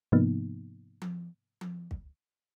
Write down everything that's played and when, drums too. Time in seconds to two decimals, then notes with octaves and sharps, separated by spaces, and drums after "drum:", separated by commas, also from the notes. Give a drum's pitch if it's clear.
0.12 G#2 C3 F3 A#3 B3 D#4
1.02 drum: tom F3
1.61 drum: tom F3
1.91 drum: kick